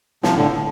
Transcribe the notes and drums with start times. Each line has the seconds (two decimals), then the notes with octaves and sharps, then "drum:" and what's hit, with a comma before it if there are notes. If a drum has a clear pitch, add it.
0.23 C3 F3, drum: snare
0.36 A2 D3